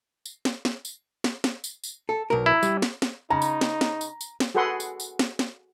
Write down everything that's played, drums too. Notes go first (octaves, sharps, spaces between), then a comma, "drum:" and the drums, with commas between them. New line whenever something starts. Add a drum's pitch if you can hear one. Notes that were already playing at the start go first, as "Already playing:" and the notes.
drum: tambourine
drum: snare
drum: snare
drum: tambourine
drum: snare
drum: snare
drum: tambourine
drum: tambourine
A4
B1 A#4
E4
G3, drum: tambourine
drum: snare
drum: snare
C#3 D#4 A#5
drum: tambourine
drum: snare
drum: snare
drum: tambourine
drum: tambourine
drum: snare
F#4 G#4 A4 B4 F#5 C6
drum: tambourine
drum: tambourine
drum: snare
drum: snare